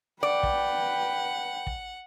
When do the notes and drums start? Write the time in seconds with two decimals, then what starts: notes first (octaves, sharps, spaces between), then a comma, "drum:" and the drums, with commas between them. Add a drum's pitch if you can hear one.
0.23 B4 D5 F#5 G5
0.43 drum: kick
1.67 drum: kick